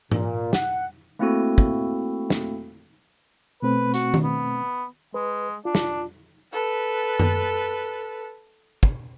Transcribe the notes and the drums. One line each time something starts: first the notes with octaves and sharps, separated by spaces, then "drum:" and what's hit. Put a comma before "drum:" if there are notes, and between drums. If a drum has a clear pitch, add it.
A#2, drum: tom G#2
F#5, drum: snare
A3 A#3 C4 E4 F#4 A4
drum: kick
drum: snare
B2 A3 C4 B4
F#4, drum: hi-hat
drum: tom D#3
B3
G#3 B4
D4 F4
drum: snare
A4 B4
drum: tom F#2
drum: kick